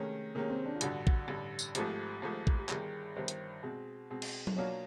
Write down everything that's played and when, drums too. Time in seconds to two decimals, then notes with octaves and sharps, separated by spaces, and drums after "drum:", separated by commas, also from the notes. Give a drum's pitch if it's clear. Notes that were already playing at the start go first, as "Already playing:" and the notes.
Already playing: C3 D#3 G#3 A3 C#4
0.35 C3 D#3 G#3 A#3 C#4
0.50 C4
0.66 D4
0.75 F4
0.81 A1 G2 D3 F#4, drum: hi-hat
1.07 drum: kick
1.28 A1 G2 D3 G4
1.59 drum: tambourine
1.75 G#1 G#2 F3 A3 G4, drum: hi-hat
2.22 G#1 G#2 F3 A3
2.47 drum: kick
2.58 G4
2.69 G1 G2 D#3 G#4, drum: clap
3.16 G1 G2 D#3 C5
3.28 drum: hi-hat
3.63 B2 G#3 C4
4.10 B2 G#3 C4
4.22 drum: cymbal
4.47 drum: tom F#3
4.56 B2 F#3 A#3 D4 F4 C#5